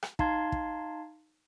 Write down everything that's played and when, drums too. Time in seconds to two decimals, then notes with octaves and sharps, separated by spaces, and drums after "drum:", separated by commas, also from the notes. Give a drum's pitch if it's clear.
0.03 drum: rim click
0.19 D#4 F5 A5 C6 G#6, drum: kick
0.52 drum: kick